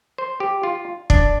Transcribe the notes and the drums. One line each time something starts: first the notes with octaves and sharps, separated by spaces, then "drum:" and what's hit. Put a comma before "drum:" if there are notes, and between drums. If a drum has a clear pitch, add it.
C5
G4
F4
D4, drum: kick